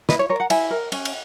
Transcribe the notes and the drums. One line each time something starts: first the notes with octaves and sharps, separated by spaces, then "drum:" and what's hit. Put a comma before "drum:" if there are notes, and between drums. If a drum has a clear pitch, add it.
E4 B4 D#5, drum: snare
C#5
A#4 C#5
F#5 A#5
E4 E5 G#5, drum: cymbal
A#4
C#4, drum: cymbal
drum: cymbal